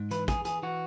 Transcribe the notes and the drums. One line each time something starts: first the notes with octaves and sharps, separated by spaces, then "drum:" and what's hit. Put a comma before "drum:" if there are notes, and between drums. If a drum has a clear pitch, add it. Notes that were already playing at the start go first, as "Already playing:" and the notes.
Already playing: G#2
E3 B4, drum: hi-hat
E3 G#4, drum: kick, hi-hat
E3 G#4, drum: hi-hat
E3 F#4